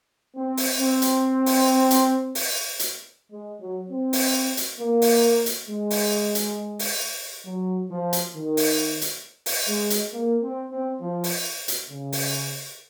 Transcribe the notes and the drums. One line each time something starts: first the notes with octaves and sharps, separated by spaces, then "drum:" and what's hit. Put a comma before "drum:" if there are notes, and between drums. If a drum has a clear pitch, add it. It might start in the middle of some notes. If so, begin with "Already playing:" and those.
C4
drum: open hi-hat
C4
drum: hi-hat
drum: open hi-hat
drum: hi-hat
drum: open hi-hat
drum: hi-hat
G#3
F#3
C4
drum: open hi-hat
drum: hi-hat
A#3
drum: open hi-hat
drum: hi-hat
G#3
drum: open hi-hat
drum: hi-hat
drum: open hi-hat
F#3
F3
drum: hi-hat
D#3
drum: open hi-hat
drum: hi-hat
drum: open hi-hat
G#3
drum: hi-hat
A#3
C4
C4
F3
drum: open hi-hat
drum: hi-hat
C#3
drum: open hi-hat